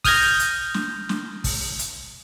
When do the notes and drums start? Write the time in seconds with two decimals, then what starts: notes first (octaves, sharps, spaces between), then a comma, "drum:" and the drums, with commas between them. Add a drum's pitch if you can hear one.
0.04 D#6 F6 G6 G#6 A#6, drum: kick, open hi-hat
0.39 drum: hi-hat
0.74 drum: snare
1.09 drum: snare
1.44 drum: kick, open hi-hat
1.79 drum: hi-hat